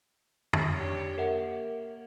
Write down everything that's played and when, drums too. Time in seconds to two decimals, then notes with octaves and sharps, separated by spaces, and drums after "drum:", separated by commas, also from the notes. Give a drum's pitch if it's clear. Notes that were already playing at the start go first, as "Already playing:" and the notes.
0.53 drum: tom
0.72 D4 G4 C#5
1.18 A#3 A#4 E5 F#5